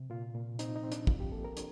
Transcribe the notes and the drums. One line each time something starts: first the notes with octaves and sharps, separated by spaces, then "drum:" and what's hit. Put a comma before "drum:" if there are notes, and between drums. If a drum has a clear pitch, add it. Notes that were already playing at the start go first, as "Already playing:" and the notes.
Already playing: C3
A#2 F4
A#2
C4 D#4, drum: hi-hat
D#4
C4
D4, drum: hi-hat
F3 F4, drum: kick
G4
A#3 A4
A#4
D4, drum: hi-hat